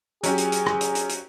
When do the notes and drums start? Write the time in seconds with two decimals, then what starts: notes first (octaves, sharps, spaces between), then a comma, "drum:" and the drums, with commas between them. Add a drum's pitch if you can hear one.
0.23 F#3 C#4 G4 G#4, drum: hi-hat
0.38 drum: hi-hat
0.52 drum: hi-hat
0.66 drum: rim click
0.81 drum: hi-hat
0.95 drum: hi-hat
1.09 drum: hi-hat